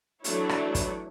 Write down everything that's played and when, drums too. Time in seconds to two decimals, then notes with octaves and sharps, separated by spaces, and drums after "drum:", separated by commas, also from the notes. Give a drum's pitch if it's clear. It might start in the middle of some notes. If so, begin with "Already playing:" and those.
0.24 E3 F#3 A3 D4 E4 C#5, drum: hi-hat
0.49 drum: rim click
0.75 drum: kick, hi-hat